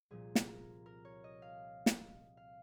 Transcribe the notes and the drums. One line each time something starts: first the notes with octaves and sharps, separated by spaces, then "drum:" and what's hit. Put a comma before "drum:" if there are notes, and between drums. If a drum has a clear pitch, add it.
C2 A#2 F3 G#4
drum: snare
A#4
A#4
C#5
D#5
F5
drum: snare
F5